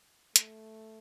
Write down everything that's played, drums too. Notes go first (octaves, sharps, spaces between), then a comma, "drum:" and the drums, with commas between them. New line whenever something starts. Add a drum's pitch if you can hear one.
A3, drum: hi-hat